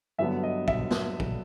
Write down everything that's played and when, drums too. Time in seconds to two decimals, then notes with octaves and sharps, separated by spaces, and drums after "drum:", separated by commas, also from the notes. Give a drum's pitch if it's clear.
0.18 G2 D3 F#3 B3 E5
0.43 D#5
0.68 E5, drum: kick
0.91 drum: snare
1.20 drum: kick